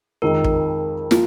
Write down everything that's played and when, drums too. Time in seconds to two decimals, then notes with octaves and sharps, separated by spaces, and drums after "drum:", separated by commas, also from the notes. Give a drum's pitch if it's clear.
0.22 F2 D#3 G#3 D#4 A#4
0.44 drum: kick
1.11 F3 A#3 F4, drum: snare